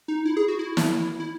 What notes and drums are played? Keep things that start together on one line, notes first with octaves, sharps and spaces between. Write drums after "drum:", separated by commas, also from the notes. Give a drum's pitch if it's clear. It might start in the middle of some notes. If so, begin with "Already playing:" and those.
D#4
E4
G#4
F#4
E4
drum: snare
E4